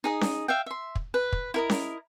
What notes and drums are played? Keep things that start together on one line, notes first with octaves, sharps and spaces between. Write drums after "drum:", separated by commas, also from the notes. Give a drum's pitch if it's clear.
D#4 G#4 D#5
drum: snare C#4
E5 F5 G5
E5 C6
drum: kick
B4
drum: kick
E4 A#4 D#5
drum: snare C#4